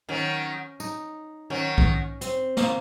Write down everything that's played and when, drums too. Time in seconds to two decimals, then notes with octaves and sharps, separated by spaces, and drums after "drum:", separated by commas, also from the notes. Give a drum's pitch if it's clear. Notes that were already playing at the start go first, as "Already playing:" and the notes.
0.09 D#3 F#3 C#4
0.80 D#4, drum: tambourine
1.50 D#3 F#3 C#4
1.78 drum: kick B1
2.21 C4, drum: hi-hat
2.57 A#3, drum: snare